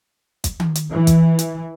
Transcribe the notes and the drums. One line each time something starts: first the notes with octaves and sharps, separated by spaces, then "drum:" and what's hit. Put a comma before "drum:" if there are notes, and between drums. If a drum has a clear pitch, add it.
drum: kick, hi-hat
drum: tom D#3
drum: hi-hat
E3
drum: kick, hi-hat
drum: hi-hat